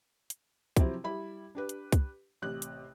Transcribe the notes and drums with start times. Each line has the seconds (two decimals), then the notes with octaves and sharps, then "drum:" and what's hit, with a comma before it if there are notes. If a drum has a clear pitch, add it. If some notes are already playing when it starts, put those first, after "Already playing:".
0.30 drum: hi-hat
0.77 C3 F3 F#3 C4 E4, drum: kick C2, hi-hat
1.04 G3 E4 B5
1.55 D4 G4 B4
1.69 drum: hi-hat
1.92 drum: kick C2, hi-hat
2.42 A1 C3 F#6
2.62 drum: hi-hat